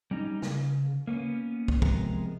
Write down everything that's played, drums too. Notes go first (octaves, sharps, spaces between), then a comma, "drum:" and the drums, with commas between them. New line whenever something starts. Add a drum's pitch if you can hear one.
G3 C#4 D#4
C#3, drum: snare
A#3 B3 C#4
drum: kick
C3 F3 G#3 B3 A#4, drum: kick